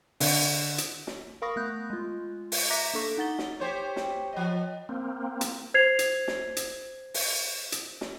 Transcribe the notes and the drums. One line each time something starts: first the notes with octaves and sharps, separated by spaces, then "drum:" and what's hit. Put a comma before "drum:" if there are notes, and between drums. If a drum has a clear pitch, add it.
D3, drum: open hi-hat
drum: hi-hat
drum: snare
A#4 F5 B5 C#6 D#6 A#6
A3 B3 F#6 G6
G#3 F4
drum: open hi-hat
E5 A#5 D6 F#6 A#6 B6
A#3 D4 A4 C#6 B6
D#4 F#5 A6 G7
drum: snare
G4 C5 C#5
drum: snare
F3 D#5
A#3 C4
drum: hi-hat
C5 G#6 C7 F7
drum: hi-hat
drum: snare
drum: hi-hat
drum: open hi-hat
drum: hi-hat
drum: snare